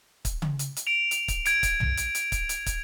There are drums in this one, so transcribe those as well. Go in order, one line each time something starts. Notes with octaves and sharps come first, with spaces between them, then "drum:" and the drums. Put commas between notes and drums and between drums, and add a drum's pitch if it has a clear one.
drum: kick, hi-hat
drum: tom C#3
drum: hi-hat
drum: hi-hat
D7 F7
drum: hi-hat
drum: kick, hi-hat
G#6 D7, drum: hi-hat
drum: kick, hi-hat
drum: tom
drum: hi-hat
drum: hi-hat
drum: kick, hi-hat
drum: hi-hat
drum: kick, hi-hat